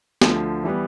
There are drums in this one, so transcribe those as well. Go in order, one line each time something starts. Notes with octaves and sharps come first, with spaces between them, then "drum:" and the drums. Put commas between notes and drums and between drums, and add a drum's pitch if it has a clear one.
D2 D3 F3, drum: snare
E3 G3 B3